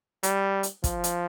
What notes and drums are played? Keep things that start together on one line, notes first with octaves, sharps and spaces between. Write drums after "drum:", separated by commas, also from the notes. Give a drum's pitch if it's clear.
G3, drum: hi-hat
drum: hi-hat
F3, drum: kick, hi-hat
drum: hi-hat